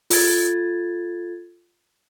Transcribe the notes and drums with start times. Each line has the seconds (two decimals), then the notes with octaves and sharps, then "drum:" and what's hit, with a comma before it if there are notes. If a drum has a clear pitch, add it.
0.10 F4 A4 G#6 A6, drum: open hi-hat